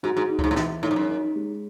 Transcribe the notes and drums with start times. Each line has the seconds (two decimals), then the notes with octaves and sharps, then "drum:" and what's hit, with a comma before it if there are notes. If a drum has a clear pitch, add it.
0.03 G#2 F#4
0.17 G#2
0.30 D#4
0.39 A2, drum: kick C#2
0.44 G#2
0.51 A2
0.56 B2 E3, drum: snare
0.83 A2 D#4
0.91 G#2
0.96 F#2
1.09 D#4
1.36 G#3